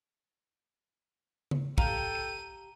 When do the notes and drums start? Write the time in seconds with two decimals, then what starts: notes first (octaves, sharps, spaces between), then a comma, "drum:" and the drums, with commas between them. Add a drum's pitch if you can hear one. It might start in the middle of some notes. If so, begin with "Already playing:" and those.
1.51 drum: tom C#3
1.78 G4 A4 F5 G5 A#5 D#7, drum: kick